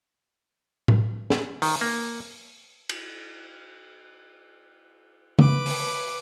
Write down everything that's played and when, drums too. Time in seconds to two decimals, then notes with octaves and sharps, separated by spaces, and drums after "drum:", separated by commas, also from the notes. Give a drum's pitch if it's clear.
0.88 drum: tom A2
1.30 drum: snare
1.62 D#3, drum: open hi-hat
1.81 A#3
2.89 drum: cymbal
5.39 B4 D6, drum: tom
5.66 drum: open hi-hat